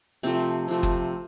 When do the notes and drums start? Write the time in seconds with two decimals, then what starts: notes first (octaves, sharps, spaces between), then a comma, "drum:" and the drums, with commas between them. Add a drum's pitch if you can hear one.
0.23 C3 F3 A3 C4
0.68 C3 F3 A3
0.83 drum: kick F#1